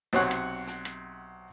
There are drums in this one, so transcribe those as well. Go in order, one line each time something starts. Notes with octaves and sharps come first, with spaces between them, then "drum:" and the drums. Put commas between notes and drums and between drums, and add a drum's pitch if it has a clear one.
B1 C3 C4 C#5 F#5 C#6
drum: rim click
drum: hi-hat
drum: rim click